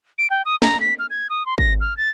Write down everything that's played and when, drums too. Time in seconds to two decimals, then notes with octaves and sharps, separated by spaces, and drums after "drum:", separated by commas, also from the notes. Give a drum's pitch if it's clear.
0.18 D7
0.30 G5
0.45 D#6
0.62 A#5, drum: snare
0.80 B6
0.99 F6
1.10 G#6
1.30 D#6
1.46 C6
1.58 A#6, drum: kick G#1
1.81 F6
1.97 A6